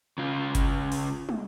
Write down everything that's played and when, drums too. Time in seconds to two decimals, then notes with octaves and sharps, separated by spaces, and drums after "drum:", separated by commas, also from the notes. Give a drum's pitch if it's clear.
0.18 C#3 F4
0.55 drum: kick F#1, hi-hat
0.92 drum: open hi-hat
1.29 drum: tom